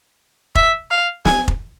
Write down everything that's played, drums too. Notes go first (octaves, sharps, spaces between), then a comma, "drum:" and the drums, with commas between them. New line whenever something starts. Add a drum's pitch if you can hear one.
E5, drum: kick F1
F5
G#5, drum: snare
drum: kick F1